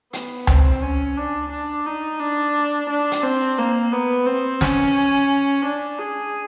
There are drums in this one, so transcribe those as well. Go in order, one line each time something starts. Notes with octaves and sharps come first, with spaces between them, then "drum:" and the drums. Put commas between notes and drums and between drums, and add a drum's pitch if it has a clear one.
B3, drum: hi-hat
C4, drum: tom C#2
C#4
D4
D4
D#4
D4
D4
drum: hi-hat
C4
A#3
B3
C4
C#4, drum: snare
D4
G#4